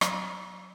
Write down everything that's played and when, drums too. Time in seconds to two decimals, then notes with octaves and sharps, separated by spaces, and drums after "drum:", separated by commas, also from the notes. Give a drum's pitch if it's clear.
0.01 F#3, drum: rim click